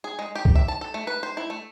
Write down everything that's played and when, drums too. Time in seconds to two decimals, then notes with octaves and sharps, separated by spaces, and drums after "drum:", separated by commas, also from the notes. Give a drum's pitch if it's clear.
0.04 G#4
0.19 G#3
0.35 G4
0.45 drum: kick
0.55 E5
0.68 A5
0.81 A4
0.94 A3
1.07 B4
1.23 C5
1.37 E4
1.50 A3